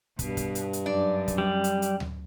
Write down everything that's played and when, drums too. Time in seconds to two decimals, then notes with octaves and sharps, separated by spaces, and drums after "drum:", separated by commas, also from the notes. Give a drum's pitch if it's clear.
0.19 G2 B2, drum: kick, hi-hat
0.37 drum: kick, hi-hat
0.55 drum: hi-hat
0.73 drum: hi-hat
0.86 F#2 D4 D5
1.28 drum: kick, hi-hat
1.38 G3
1.64 drum: hi-hat
1.82 drum: hi-hat
2.00 drum: tom D2